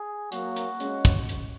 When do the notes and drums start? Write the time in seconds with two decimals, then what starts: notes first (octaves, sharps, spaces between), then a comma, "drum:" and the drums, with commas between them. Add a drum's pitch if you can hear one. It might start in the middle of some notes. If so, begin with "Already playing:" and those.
Already playing: G#4
0.32 F#3 A#3 F#4, drum: hi-hat
0.56 drum: hi-hat
0.80 G#3 C#4, drum: hi-hat
1.05 drum: kick, hi-hat
1.29 drum: hi-hat